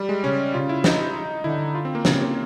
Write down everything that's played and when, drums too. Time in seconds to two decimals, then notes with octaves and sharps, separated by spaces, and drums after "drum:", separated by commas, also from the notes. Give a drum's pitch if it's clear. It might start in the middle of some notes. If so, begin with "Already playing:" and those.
Already playing: G3
0.09 G#3
0.24 C#3 C#4
0.54 C#3 F4
0.69 E4
0.84 D#4, drum: snare
1.44 D3 E4
1.75 F4
1.85 C4
1.95 A#3
2.05 C#3 C4, drum: snare
2.20 A#3